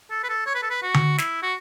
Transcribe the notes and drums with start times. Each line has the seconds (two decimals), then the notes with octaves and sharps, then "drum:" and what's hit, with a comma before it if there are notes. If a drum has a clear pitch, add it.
0.11 A4
0.24 B4
0.29 A4
0.46 C#5
0.55 B4
0.63 A4
0.70 B4
0.83 F#4
0.94 drum: tom D3
1.18 E4, drum: snare
1.43 F#4